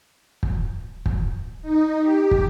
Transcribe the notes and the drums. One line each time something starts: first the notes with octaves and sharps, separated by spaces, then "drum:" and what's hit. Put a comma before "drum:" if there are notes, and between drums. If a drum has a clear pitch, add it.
drum: kick
drum: kick
D#4
G4
drum: kick